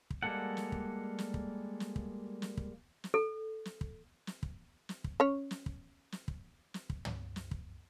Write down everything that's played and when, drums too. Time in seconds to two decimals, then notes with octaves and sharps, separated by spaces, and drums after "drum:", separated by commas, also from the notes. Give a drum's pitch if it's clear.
0.10 drum: kick
0.23 G3 G#3 A#3 A4 F#5
0.57 drum: snare
0.72 drum: kick
1.19 drum: snare
1.34 drum: kick
1.80 drum: snare
1.96 drum: kick
2.42 drum: snare
2.57 drum: kick
3.04 drum: snare
3.14 A4
3.65 drum: snare
3.81 drum: kick
4.27 drum: snare
4.43 drum: kick
4.89 drum: snare
5.04 drum: kick
5.20 C#4 C#5
5.51 drum: snare
5.66 drum: kick
6.12 drum: snare
6.28 drum: kick
6.74 drum: snare
6.90 drum: kick
7.05 drum: tom
7.36 drum: snare
7.51 drum: kick